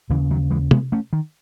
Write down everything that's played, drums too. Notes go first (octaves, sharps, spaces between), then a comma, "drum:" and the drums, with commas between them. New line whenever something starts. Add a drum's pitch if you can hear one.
D#2 C#3 E3
D#3 F#3
E3 G#3
G#3 B3, drum: tom
A3 C#4
D#3